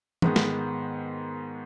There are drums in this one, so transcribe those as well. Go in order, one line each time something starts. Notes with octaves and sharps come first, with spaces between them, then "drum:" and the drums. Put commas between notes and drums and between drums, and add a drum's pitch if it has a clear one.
G#2 D#3 G#3 B3, drum: tom
drum: snare